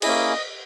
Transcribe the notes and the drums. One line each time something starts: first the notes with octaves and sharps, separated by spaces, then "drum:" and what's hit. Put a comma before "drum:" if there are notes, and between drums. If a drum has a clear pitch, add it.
A#3 C#4 E4 G#4 D#5, drum: cymbal